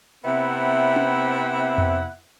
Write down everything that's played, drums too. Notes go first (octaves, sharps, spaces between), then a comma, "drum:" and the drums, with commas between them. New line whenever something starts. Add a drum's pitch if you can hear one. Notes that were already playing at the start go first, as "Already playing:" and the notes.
C3 B3 C4 E4 E5 F#5
drum: tom C#4
drum: tom F2